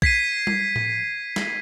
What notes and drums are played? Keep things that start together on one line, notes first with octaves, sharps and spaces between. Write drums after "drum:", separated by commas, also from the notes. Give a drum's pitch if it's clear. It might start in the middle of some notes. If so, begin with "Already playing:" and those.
G#6 B6 C7 D#7, drum: kick B1
drum: tom G3
drum: tom A2
drum: snare